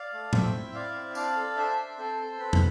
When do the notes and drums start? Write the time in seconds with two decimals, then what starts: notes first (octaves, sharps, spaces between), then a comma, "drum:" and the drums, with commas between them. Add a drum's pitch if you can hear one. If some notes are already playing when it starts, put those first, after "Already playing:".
Already playing: D5 F5
0.13 A3
0.33 C4 E5 G5, drum: tom A2
0.54 E4
0.74 E4 D5 F5
0.95 C4
1.15 D4 D5 F5, drum: tambourine
1.36 A4
1.56 D4 C5 E5
1.77 D4
1.97 C4 A4 C5
2.18 A4
2.39 C4 B4
2.53 drum: tom